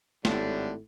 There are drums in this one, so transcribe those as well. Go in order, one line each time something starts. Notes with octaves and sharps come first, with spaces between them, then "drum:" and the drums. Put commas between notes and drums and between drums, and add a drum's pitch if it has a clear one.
G#1 A2 D3 G3 D4, drum: snare